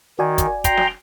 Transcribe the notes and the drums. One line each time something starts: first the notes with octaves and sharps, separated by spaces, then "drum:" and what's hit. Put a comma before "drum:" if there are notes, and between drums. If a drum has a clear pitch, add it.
D#3 F#4 D5 G#5
drum: kick, hi-hat
G5 A#5 C6, drum: kick, hi-hat
drum: snare